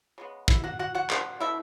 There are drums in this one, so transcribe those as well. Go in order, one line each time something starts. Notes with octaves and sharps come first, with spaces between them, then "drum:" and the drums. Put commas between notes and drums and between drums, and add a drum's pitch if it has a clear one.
C#3 G#3 B3
E4 E5, drum: kick
F#4 F#5
F#4 F#5
F#4 F#5
drum: clap
B2 A3 E4 E5